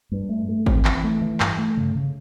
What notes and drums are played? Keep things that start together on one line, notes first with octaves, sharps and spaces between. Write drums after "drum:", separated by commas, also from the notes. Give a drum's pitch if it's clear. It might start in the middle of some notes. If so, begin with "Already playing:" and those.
G2
A3
A3
C4, drum: kick G#1
E3, drum: clap
A3
E3
G2, drum: clap
A3
C#3
C#3